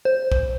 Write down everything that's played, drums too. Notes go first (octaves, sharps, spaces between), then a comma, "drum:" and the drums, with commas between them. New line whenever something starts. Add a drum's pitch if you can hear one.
C5
drum: kick A#1